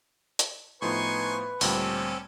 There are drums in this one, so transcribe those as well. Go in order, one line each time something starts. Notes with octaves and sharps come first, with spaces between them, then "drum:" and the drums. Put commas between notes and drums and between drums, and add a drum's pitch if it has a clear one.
drum: hi-hat
A2 F3 B3 D#4 B4 G#5 C6 C#6
D2 A#2 G3 C4 C#4 G4 A4, drum: open hi-hat